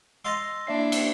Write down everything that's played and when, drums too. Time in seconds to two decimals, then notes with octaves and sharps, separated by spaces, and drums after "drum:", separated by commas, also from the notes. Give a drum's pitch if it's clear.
0.25 D#5 F5 C6 E6 A6 A#6
0.67 A#3 D4 E4 E5 C7
0.92 drum: cymbal